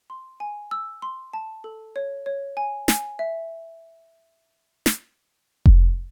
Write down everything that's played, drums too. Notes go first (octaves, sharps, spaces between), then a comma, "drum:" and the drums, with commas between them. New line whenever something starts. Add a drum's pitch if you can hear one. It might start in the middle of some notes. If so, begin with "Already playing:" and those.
C6
G#5
E6
C6
A5
A4
C#5
C#5
G#5
G#5, drum: snare
E5
drum: snare
drum: kick F1